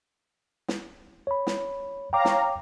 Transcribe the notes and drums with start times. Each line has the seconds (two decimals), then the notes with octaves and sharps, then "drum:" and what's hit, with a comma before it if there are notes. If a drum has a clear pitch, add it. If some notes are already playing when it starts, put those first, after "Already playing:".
0.68 drum: snare
1.27 C#5 B5
1.47 drum: snare
2.13 C#5 F5 G5 A#5 D6
2.25 drum: snare